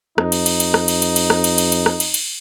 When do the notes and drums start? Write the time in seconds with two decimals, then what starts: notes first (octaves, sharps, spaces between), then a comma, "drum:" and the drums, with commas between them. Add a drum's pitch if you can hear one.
0.18 F2 D#4, drum: rim click
0.32 drum: cymbal
0.46 drum: cymbal
0.60 drum: cymbal
0.74 drum: rim click
0.88 drum: cymbal
1.02 drum: cymbal
1.16 drum: cymbal
1.30 drum: rim click
1.44 drum: cymbal
1.58 drum: cymbal
1.72 drum: cymbal
1.86 drum: rim click
2.00 drum: cymbal
2.14 drum: cymbal